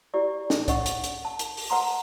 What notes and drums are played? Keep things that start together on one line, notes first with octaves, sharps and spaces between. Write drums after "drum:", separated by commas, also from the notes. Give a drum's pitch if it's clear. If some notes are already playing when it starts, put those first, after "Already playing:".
E4 G4 D5
drum: snare
C#5 D#5 F#5 C#6, drum: kick C2, hi-hat
drum: hi-hat
drum: hi-hat
A5
drum: hi-hat
drum: open hi-hat
B4 F#5 A#5 C6